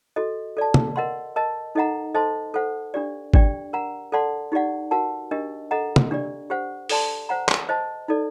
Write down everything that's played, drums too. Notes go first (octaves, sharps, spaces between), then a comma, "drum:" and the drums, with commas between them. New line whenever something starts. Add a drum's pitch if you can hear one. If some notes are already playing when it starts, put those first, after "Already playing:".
F#4 A4 D#5
A4 D5 A5
drum: tom
A#4 D#5 F#5 C6
A#4 D#5 A5
D#4 A4 D#5 F#5 A#5
A4 C5 D#5 A5 C6
A4 C5 F#5
D4 G4 D5
D4 G4 D5 G5, drum: kick
A#4 F#5 A#5
A4 D5 F#5 A5 C6
D#4 G4 D5 F#5
F#4 A#4 F#5 A5
D4 G4 A#4 D#5
A4 D#5 F#5 A#5
drum: tom
D4 G4 D5
G4 C5 F#5
A4 D5 A5 C6, drum: open hi-hat
C5 F#5 A#5
drum: clap
C5 D#5 A5
D#4 A4 D5